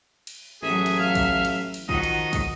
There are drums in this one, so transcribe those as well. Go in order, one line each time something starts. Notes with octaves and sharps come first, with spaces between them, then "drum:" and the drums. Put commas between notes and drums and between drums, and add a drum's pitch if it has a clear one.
drum: cymbal
A1 F#3 G#4 E5
drum: cymbal
F5
drum: kick, cymbal
drum: cymbal
drum: cymbal
D#3 F3 F#4 D#5, drum: kick
drum: cymbal
drum: kick, cymbal